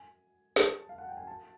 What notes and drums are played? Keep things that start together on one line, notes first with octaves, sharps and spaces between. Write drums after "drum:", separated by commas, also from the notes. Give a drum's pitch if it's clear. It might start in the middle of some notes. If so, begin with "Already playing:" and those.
Already playing: G#5
A5, drum: snare
F5
F#5
G5
G#5
A5